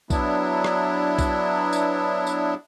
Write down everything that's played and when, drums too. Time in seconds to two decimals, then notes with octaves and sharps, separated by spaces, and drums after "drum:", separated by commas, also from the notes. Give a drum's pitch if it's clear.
0.10 F#3 B3 D4 E4, drum: kick B1, tambourine
0.64 drum: rim click
1.19 drum: kick B1, tambourine
1.73 drum: tambourine
2.27 drum: tambourine